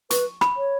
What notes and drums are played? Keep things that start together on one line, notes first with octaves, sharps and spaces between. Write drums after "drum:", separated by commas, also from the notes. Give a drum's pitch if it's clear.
B4 C#6, drum: hi-hat
B5, drum: rim click
C#5